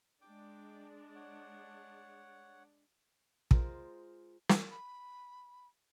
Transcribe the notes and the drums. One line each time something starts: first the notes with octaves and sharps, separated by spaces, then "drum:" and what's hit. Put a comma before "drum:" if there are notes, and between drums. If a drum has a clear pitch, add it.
G#3 D4 D5 G5 D6
C#5 F#5
G#3 F4 A#4 C5, drum: kick
drum: snare
B5